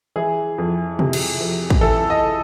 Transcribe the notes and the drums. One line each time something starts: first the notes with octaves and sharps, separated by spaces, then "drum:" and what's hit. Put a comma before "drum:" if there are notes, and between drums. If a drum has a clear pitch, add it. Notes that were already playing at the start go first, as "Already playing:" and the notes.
E3 G#4
F2
C3, drum: tom
drum: cymbal
F2
drum: kick
E3 A4
D#5